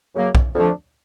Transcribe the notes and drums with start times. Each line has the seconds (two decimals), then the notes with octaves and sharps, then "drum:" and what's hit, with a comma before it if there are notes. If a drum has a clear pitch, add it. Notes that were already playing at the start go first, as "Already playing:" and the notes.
0.14 F#2 C#3 F#3 A#3
0.35 drum: kick B1
0.55 F2 D3 F3 A3 D4